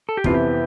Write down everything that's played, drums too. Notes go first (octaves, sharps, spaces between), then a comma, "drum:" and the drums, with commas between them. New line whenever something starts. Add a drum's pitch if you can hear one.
A4
G4
F2 C3 E3 B3 F4, drum: kick
G4